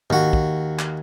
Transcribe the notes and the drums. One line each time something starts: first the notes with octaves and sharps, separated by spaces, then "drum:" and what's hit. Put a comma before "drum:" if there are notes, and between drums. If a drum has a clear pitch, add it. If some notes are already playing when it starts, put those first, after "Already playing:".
D#2 F#4, drum: tom G#2
drum: kick
drum: clap